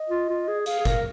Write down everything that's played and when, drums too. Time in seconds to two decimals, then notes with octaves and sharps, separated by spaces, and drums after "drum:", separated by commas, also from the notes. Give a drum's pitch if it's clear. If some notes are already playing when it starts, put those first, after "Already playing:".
Already playing: D#5
0.10 F4
0.29 F4
0.48 G#4
0.66 G#4 F5, drum: hi-hat
0.80 G#4
0.85 A#4, drum: kick F#1, hi-hat